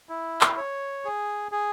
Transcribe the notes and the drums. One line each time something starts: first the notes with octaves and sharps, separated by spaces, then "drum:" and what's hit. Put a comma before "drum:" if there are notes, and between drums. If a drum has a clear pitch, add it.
E4
drum: clap
C#5
G#4
G#4